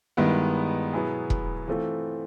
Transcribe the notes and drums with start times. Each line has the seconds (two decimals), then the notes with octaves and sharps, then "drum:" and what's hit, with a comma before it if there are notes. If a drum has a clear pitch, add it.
0.17 G2 D#3 G#3 B3 E4
0.93 B2 F#3 B3 E4 G#4
1.30 drum: kick E1
1.68 E3 A3 C4 F4 A4